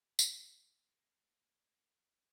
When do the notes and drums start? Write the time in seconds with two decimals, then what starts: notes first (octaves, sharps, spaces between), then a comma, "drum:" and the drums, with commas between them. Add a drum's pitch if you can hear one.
0.19 A3 A#3, drum: tambourine